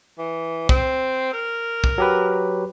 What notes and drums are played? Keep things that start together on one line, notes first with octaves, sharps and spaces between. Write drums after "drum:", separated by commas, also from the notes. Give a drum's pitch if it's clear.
E3
C4, drum: kick
A#4
drum: kick
F#3 G4 B4